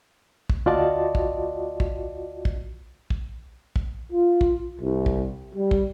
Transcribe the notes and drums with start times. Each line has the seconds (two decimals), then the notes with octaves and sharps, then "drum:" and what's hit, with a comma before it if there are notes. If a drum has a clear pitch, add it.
0.50 drum: kick
0.66 D2 F4 F#4 D5 D#5 A5
1.15 drum: kick
1.80 drum: kick
2.45 drum: kick
3.10 drum: kick
3.76 drum: kick
4.12 F4
4.41 drum: kick
4.80 C2
5.06 drum: kick
5.55 G3
5.71 drum: kick